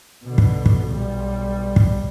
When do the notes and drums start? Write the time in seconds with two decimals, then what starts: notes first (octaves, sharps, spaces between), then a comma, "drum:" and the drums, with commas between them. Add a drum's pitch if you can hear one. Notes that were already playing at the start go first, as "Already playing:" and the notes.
0.24 B2 D3
0.38 drum: kick
0.66 drum: kick
0.88 B1 G3
1.76 drum: kick